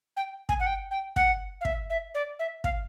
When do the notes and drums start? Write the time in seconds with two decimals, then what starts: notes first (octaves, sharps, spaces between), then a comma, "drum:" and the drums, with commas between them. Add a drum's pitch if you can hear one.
0.17 G5
0.49 G#5, drum: kick
0.60 F#5
0.66 G5
0.91 G5
1.16 F#5, drum: kick
1.61 F5
1.65 E5, drum: kick
1.90 E5
2.15 D5
2.39 E5
2.64 F5, drum: kick